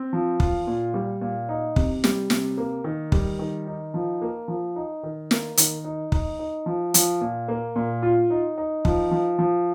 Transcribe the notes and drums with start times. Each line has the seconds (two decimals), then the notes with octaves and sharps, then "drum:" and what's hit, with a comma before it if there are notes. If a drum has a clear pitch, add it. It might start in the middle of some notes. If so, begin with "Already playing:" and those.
Already playing: C4
0.13 F3
0.40 F4, drum: kick
0.67 A#2
0.94 G3
1.21 A#2
1.49 D#4
1.76 C3, drum: kick
2.04 G3, drum: snare
2.30 C3, drum: snare
2.57 A#3
2.84 D#3
3.12 G3, drum: kick
3.39 D#3
3.67 D#4
3.94 F3
4.22 A#3
4.48 F3
4.76 D#4
5.03 D#3
5.31 A#3, drum: snare
5.57 D#3, drum: hi-hat
5.84 D#4
6.12 D#4, drum: kick
6.39 D#4
6.66 F3
6.94 F3, drum: hi-hat
7.21 A#2
7.48 A#3
7.76 A#2
8.02 F4
8.30 D#4
8.58 D#4
8.85 F3, drum: kick
9.11 F3
9.39 F3